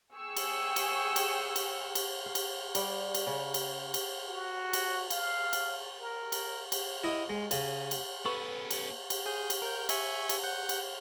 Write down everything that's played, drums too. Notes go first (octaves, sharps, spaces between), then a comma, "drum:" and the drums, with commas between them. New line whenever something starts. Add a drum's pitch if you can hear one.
G#4 G5 C#6 E6
drum: cymbal
drum: cymbal
drum: cymbal
drum: cymbal
drum: cymbal
F5
drum: cymbal
G3, drum: cymbal
drum: cymbal
C#3
drum: cymbal
drum: cymbal
F#4
drum: cymbal
F5, drum: cymbal
drum: cymbal
A#4
drum: cymbal
drum: cymbal
E4 D#5
G#3
C#3, drum: cymbal
drum: cymbal
B3 C#4 A4 B4 B5 C#6
drum: cymbal
drum: cymbal
G#4 G6
drum: cymbal
A#4 G6
E5 G#5 C#6, drum: cymbal
drum: cymbal
F#5 G6
drum: cymbal